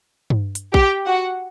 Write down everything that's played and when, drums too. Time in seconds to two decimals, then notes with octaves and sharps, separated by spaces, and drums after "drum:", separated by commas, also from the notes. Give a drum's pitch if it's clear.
0.30 drum: tom G2
0.55 drum: hi-hat
0.74 G4 G5, drum: kick A#1
1.06 F#4 F#5